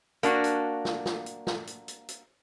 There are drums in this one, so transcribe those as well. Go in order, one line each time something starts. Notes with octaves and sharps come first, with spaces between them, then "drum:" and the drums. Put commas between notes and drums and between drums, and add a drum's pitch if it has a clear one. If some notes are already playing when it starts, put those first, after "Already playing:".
A#3 D4 F#4, drum: hi-hat
drum: hi-hat
drum: snare
drum: snare
drum: hi-hat
drum: snare
drum: hi-hat
drum: hi-hat
drum: hi-hat